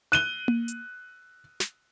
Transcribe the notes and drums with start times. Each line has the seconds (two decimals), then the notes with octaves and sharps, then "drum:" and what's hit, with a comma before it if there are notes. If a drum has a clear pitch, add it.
0.12 F#6 D#7 G7
0.48 drum: tom A#3
0.68 drum: hi-hat
1.60 drum: snare